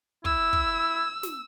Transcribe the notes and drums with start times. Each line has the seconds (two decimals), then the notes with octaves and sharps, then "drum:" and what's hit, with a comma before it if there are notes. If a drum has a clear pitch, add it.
0.25 E4 E6, drum: kick
0.53 drum: kick
1.23 drum: snare